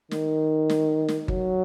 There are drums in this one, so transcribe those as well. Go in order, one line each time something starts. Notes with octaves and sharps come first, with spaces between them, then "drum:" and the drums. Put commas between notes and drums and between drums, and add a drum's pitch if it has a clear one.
D#3, drum: snare
drum: snare
drum: snare
F#3, drum: kick G1